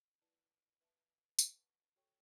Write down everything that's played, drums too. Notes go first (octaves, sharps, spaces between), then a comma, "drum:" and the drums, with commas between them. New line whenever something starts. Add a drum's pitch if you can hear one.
E4 B4 D5 A5
B4 E5 A5
B4 F#5 A5 C#6, drum: tambourine
F#4 A4 C#5 G5 C#6